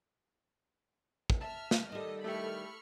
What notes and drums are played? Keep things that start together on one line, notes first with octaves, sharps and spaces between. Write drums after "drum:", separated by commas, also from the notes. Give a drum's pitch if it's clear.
drum: kick
E5 A5 F6
drum: snare
D#3 G3 A4 D#5
A3 E4 G4 B5 C#6 F6